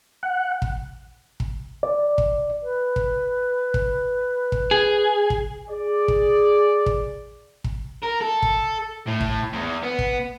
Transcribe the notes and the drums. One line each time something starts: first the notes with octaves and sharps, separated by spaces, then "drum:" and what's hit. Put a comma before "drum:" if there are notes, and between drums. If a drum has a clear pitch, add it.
F#5
drum: kick
drum: kick
D5
drum: kick
B4
drum: kick
drum: kick
drum: kick
G#4
drum: kick
G#4 D5
drum: kick
drum: kick
drum: kick
A#4
A4
drum: kick
A2
drum: kick
E2
B3
drum: kick